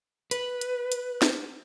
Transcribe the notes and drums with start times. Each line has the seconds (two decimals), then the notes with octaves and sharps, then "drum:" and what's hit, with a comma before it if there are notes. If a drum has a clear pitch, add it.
0.31 B4, drum: hi-hat
0.61 drum: hi-hat
0.92 drum: hi-hat
1.22 drum: snare